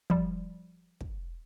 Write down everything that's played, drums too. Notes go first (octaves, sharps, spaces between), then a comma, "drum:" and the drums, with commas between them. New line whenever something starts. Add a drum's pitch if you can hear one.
F3 G3, drum: kick
drum: kick